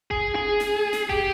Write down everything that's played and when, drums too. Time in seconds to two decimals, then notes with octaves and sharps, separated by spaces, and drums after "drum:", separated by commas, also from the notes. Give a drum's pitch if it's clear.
0.11 G#4, drum: kick F#1
0.35 G#4
0.60 drum: snare
0.93 drum: snare
1.09 G4, drum: kick F#1